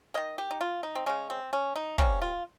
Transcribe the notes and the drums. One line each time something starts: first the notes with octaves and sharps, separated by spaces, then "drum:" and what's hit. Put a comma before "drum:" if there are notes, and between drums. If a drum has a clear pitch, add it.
D#3 A#3 D#5
G4
D#4
F4
D#4
C4
C#3 G#3 C#4
C4
C#4
D#4
C3 G3 A#3 C#4, drum: kick
F4